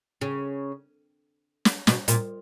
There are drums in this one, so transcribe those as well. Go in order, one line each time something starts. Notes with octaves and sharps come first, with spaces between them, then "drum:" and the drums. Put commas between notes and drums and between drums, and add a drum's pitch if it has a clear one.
C#3
drum: snare
B2, drum: snare
A#2, drum: hi-hat